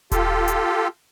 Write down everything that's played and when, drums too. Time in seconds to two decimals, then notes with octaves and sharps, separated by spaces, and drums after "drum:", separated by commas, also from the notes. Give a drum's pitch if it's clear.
0.11 F4 G4 A4, drum: kick D#1, hi-hat
0.48 drum: hi-hat